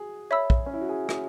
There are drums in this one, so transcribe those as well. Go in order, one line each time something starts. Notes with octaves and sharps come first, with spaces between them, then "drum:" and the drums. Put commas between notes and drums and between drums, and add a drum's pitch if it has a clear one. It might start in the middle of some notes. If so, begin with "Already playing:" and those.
Already playing: F#4 G#4
C#5 E5 B5 E6
drum: kick
C#4
E4
F#4
G#4
drum: rim click